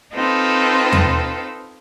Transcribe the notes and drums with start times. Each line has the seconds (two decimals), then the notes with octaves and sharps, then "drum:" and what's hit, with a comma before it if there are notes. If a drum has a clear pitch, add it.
0.14 C4 D#4 F4 A4 B4
0.92 drum: tom E2